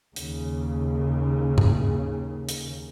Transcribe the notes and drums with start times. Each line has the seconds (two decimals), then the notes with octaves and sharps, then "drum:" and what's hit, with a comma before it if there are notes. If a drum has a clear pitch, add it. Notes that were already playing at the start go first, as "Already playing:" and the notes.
0.16 D#2 C#3, drum: hi-hat
1.58 drum: tom
2.49 drum: hi-hat